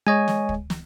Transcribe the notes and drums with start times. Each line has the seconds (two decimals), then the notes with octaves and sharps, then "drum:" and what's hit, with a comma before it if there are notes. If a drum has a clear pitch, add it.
0.07 G#3 C#5 D#5 G#5
0.28 drum: snare
0.49 drum: kick
0.70 drum: snare